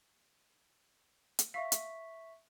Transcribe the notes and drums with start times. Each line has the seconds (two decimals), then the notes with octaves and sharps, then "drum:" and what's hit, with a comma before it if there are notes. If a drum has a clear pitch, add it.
1.39 drum: hi-hat
1.54 E5 F5 C#6 B6
1.72 drum: hi-hat